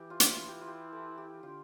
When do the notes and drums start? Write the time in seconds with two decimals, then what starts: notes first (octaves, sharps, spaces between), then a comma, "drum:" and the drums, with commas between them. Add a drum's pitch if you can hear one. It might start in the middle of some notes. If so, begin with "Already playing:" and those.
Already playing: E3 G4
0.10 F4
0.20 drum: hi-hat
0.30 F4
0.48 G4
0.61 F4
0.67 G4
0.93 A4
1.18 G4
1.43 D3 F4